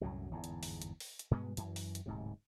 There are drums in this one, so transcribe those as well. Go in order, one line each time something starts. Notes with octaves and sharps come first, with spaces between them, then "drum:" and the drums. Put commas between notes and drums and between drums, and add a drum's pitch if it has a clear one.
C2 F#2 A2 F#3
G1 E2 G#2
drum: hi-hat
drum: open hi-hat
drum: hi-hat
drum: open hi-hat
drum: hi-hat
G2 B2 G#3 B3
F#2 E3, drum: hi-hat
drum: open hi-hat
drum: hi-hat
D1 G#2 C3